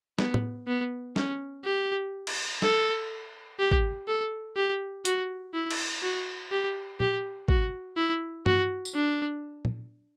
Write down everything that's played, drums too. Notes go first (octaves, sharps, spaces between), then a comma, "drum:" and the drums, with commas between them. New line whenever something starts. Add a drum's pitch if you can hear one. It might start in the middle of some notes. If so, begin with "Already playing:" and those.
B3, drum: snare
drum: tom A2
B3
C#4, drum: snare
G4
drum: cymbal
A4, drum: snare
G4
drum: kick
A4
G4
F#4, drum: hi-hat
E4
drum: cymbal
F#4
G4
G4, drum: tom A#2
F#4, drum: kick
E4
F#4, drum: tom G2
drum: tambourine
D4
drum: tom A#2